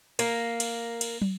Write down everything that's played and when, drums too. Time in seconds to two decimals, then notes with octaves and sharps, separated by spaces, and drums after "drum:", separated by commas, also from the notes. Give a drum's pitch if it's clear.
0.19 A#3, drum: cymbal
0.60 drum: cymbal
1.01 drum: cymbal
1.22 drum: tom